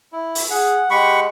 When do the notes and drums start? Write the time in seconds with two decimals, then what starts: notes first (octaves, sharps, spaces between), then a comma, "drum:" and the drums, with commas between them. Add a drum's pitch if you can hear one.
0.13 E4
0.35 drum: open hi-hat
0.51 G#4 F#5
0.90 G#3 G4 F#5 B5 C#6